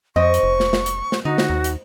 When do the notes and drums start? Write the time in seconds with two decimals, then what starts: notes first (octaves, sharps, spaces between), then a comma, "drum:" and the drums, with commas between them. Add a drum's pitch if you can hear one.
0.16 F2 C4 D#5 C#6
0.34 drum: hi-hat
0.43 F1
0.60 drum: snare
0.73 drum: snare
0.86 drum: hi-hat
1.12 drum: snare
1.25 D3 D#4 F#4
1.38 drum: snare
1.50 D#2
1.64 drum: hi-hat